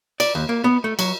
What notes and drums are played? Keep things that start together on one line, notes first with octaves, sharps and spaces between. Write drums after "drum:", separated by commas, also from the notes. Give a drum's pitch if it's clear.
D5, drum: cymbal
D#2
A#3
B3
A3
F#3, drum: cymbal